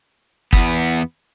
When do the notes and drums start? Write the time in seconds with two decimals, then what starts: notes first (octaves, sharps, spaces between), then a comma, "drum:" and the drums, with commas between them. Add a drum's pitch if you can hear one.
0.53 E2 B3, drum: kick